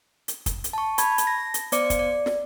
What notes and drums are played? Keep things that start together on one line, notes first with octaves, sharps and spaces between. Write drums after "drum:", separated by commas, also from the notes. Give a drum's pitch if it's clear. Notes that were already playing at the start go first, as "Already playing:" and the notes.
drum: hi-hat
drum: kick, hi-hat
drum: hi-hat
A5 C#6
A5 B5 G#6, drum: hi-hat
drum: hi-hat
A#6
drum: hi-hat
B3 C5 D5 D6 C#7, drum: hi-hat
drum: kick, hi-hat
D5
drum: snare